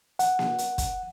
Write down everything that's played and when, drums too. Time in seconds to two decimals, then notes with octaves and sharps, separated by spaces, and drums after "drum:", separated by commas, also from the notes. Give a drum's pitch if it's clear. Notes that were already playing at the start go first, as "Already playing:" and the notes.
0.19 F#5, drum: hi-hat
0.39 drum: snare A#3
0.58 drum: hi-hat
0.78 drum: kick, hi-hat